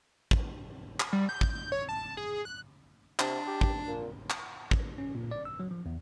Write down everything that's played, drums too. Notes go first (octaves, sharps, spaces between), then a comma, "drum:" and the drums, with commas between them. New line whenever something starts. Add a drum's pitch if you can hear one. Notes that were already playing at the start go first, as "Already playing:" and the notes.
drum: kick
drum: clap
G3
G6
drum: kick
C#5
A5
G#4
F#6
C3 D4, drum: clap
G4
drum: kick
A#2
drum: clap
drum: kick
C#4
A#2
D5
E6
F#3
F3
E2